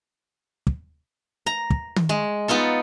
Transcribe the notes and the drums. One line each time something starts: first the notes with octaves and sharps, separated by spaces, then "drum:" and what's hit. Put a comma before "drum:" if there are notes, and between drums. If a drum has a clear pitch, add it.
drum: kick
A#5
drum: kick
drum: tom D#3
G#3
B3 D#4 F4 A4